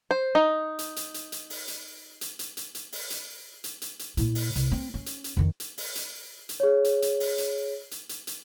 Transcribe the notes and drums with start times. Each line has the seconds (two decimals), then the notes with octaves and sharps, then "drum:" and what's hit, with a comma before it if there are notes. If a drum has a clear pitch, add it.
0.11 C5
0.35 D#4
0.79 drum: hi-hat
0.96 drum: hi-hat
1.14 drum: hi-hat
1.32 drum: hi-hat
1.50 drum: open hi-hat
1.68 drum: hi-hat
2.21 drum: hi-hat
2.39 drum: hi-hat
2.57 drum: hi-hat
2.75 drum: hi-hat
2.92 drum: open hi-hat
3.10 drum: hi-hat
3.64 drum: hi-hat
3.82 drum: hi-hat
3.99 drum: hi-hat
4.17 A#2 E4, drum: hi-hat
4.35 drum: open hi-hat
4.56 C2, drum: hi-hat
4.72 C4
4.94 C#4
5.06 drum: hi-hat
5.24 drum: hi-hat
5.37 F2 D#3
5.60 drum: hi-hat
5.78 drum: open hi-hat
5.95 drum: hi-hat
6.49 drum: hi-hat
6.60 G#4 C#5
6.85 drum: hi-hat
7.02 drum: hi-hat
7.20 drum: open hi-hat
7.38 drum: hi-hat
7.91 drum: hi-hat
8.09 drum: hi-hat
8.27 drum: hi-hat